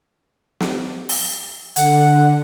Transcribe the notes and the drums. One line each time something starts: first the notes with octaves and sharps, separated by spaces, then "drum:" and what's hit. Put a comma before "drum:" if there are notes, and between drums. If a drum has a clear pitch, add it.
drum: snare
drum: open hi-hat
D3 F#5, drum: hi-hat